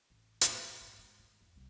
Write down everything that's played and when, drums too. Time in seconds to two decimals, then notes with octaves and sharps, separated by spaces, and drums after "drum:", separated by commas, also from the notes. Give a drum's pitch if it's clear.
0.10 A1
0.41 A#2, drum: hi-hat
0.60 F#2
0.80 G#1
0.98 G#2
1.19 D#3
1.41 F2
1.56 C2